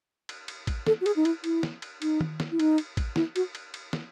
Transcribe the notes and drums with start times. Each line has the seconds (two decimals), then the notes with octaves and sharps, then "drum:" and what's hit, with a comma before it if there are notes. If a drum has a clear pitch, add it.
0.29 drum: cymbal
0.48 drum: cymbal
0.67 drum: kick A1, cymbal
0.87 A4, drum: snare
1.01 F#4
1.06 G#4, drum: cymbal
1.16 D#4
1.25 E4, drum: cymbal
1.44 E4, drum: cymbal
1.63 drum: snare
1.82 drum: cymbal
2.02 D#4, drum: cymbal
2.21 drum: tom D#3
2.40 drum: snare
2.51 E4
2.60 D#4, drum: cymbal
2.78 drum: cymbal
2.97 drum: kick A1, cymbal
3.16 E4, drum: snare
3.36 F#4, drum: cymbal
3.55 drum: cymbal
3.74 drum: cymbal
3.93 drum: snare